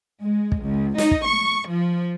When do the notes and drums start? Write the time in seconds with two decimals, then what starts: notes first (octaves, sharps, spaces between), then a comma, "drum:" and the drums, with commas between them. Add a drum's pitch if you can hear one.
0.22 G#3
0.52 drum: kick
0.64 C#2
0.98 D#4, drum: snare
1.11 drum: kick
1.27 C#6
1.69 F3